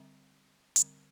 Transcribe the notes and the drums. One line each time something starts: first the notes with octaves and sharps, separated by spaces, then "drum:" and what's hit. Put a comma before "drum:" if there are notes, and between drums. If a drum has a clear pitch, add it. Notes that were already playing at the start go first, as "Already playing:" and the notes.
Already playing: D3 G3 C4 E5
D3 G3 C4, drum: hi-hat